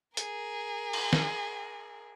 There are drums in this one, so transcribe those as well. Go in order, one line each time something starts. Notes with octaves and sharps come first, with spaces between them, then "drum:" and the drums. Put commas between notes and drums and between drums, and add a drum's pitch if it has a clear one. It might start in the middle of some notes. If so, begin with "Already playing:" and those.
G#4 A#4, drum: hi-hat
drum: cymbal
drum: snare